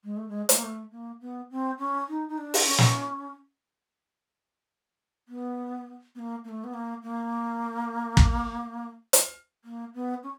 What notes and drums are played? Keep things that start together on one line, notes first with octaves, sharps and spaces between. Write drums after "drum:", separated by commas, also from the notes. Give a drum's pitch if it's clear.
G#3
A3
G#3
A3, drum: hi-hat
A#3
A3
A#3
B3
C4
C#4
D#4
D#4
D4
drum: open hi-hat
C#4
drum: snare
B3
B3
A#3
A#3
A3
B3
A#3
A#3
drum: kick
drum: hi-hat
A#3
B3
C#4